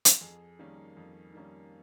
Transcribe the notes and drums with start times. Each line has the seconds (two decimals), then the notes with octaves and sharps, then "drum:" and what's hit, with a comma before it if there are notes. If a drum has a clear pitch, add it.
0.05 drum: hi-hat
0.21 F2 G#4
0.59 D#3 G3 A#3 C#4
0.97 F2
1.34 D#3 G3 A#3 C#4